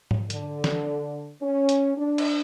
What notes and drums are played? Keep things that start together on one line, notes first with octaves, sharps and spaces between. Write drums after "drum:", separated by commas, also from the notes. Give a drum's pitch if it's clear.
drum: tom G#2
D3, drum: hi-hat
drum: snare
C#4
drum: hi-hat
D4
drum: cymbal